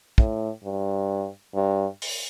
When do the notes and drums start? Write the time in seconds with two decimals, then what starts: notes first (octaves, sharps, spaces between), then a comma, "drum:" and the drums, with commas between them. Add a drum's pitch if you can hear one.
0.18 A2, drum: kick
0.64 G2
1.54 G2
2.02 drum: open hi-hat